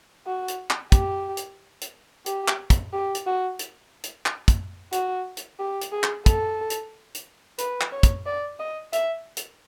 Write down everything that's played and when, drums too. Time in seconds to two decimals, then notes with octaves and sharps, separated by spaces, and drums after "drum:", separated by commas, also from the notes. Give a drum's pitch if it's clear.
0.26 F#4
0.48 drum: hi-hat
0.70 drum: clap
0.92 G4, drum: kick, hi-hat
1.37 drum: hi-hat
1.81 drum: hi-hat
2.26 G4, drum: hi-hat
2.48 drum: clap
2.70 drum: kick, hi-hat
2.93 G4
3.15 drum: hi-hat
3.26 F#4
3.59 drum: hi-hat
4.03 drum: hi-hat
4.26 drum: clap
4.48 drum: kick, hi-hat
4.92 F#4, drum: hi-hat
5.37 drum: hi-hat
5.59 G4
5.81 drum: hi-hat
5.92 G#4
6.03 drum: clap
6.26 A4, drum: kick, hi-hat
6.70 drum: hi-hat
7.14 drum: hi-hat
7.58 B4, drum: hi-hat
7.81 drum: clap
7.92 C#5
8.03 drum: kick, hi-hat
8.26 D5
8.59 D#5
8.93 E5, drum: hi-hat
9.37 drum: hi-hat